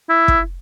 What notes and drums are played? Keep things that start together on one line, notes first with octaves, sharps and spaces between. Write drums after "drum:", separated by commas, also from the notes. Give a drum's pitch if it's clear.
E4
drum: kick